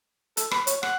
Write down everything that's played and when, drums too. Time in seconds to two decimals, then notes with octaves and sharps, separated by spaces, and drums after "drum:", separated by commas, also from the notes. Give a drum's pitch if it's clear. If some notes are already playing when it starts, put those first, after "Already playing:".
0.37 A4, drum: hi-hat
0.51 B4, drum: rim click
0.67 C#5, drum: hi-hat
0.83 F#5, drum: rim click